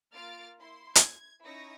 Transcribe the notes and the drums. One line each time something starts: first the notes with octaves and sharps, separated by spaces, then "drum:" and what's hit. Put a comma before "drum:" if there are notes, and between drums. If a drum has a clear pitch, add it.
A#3 F4 F6 A6 D7
E4 C6
G#6, drum: hi-hat
C#4 D#4 E4 C#6 D#6 A#6